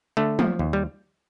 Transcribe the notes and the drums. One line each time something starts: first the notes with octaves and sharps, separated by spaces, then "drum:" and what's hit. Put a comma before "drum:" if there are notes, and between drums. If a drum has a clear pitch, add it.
D3 A3
F3, drum: tom
D#2
G3